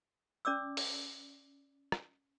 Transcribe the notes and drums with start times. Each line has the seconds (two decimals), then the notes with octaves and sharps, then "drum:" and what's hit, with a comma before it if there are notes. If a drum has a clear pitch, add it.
0.45 C#4 D5 D6 E6
0.77 drum: open hi-hat
1.92 drum: rim click